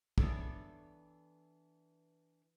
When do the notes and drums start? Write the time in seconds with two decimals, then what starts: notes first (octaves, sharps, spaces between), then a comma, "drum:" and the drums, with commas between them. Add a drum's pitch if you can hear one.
0.18 E3 B3 D4 A4 C#5 D5, drum: kick